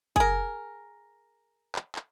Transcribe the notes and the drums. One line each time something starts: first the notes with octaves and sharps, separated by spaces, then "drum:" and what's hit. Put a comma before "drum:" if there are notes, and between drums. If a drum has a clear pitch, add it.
G#4 A#4, drum: kick
drum: clap
drum: clap